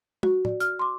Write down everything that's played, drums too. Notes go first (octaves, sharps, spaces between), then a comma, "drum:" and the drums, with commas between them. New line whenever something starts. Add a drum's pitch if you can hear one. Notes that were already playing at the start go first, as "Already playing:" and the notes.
F#4, drum: tom
D5, drum: tom
F6, drum: hi-hat
C6 D6